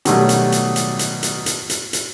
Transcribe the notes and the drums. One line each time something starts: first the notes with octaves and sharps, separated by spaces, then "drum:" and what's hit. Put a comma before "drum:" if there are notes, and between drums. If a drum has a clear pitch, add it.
B2 D#3 F#3 G3 A3, drum: hi-hat
drum: hi-hat
drum: hi-hat
drum: hi-hat
drum: hi-hat
drum: hi-hat
drum: hi-hat
drum: hi-hat
drum: hi-hat